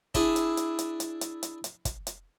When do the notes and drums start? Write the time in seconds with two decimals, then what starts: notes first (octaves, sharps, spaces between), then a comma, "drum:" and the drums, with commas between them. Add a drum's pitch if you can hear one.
0.15 D4 E4 G#4, drum: kick, hi-hat
0.36 drum: hi-hat
0.57 drum: hi-hat
0.79 drum: hi-hat
1.00 drum: hi-hat
1.21 drum: hi-hat
1.43 drum: hi-hat
1.64 drum: hi-hat
1.85 drum: kick, hi-hat
2.07 drum: hi-hat